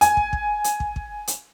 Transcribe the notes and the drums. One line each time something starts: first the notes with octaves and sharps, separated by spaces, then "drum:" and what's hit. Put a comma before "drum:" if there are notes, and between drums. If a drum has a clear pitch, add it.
G#5, drum: hi-hat
drum: kick
drum: kick
drum: hi-hat
drum: kick
drum: kick
drum: hi-hat